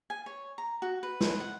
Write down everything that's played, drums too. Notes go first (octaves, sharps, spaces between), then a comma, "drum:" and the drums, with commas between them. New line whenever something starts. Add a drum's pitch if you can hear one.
G#5
C#5
A#5
F#4
B4
drum: snare
F#5